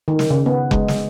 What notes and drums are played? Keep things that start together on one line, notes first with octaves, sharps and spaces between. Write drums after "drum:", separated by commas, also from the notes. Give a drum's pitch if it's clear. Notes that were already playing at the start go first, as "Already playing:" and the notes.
D#3
drum: snare
C#3
B3
G#3, drum: kick F1
drum: snare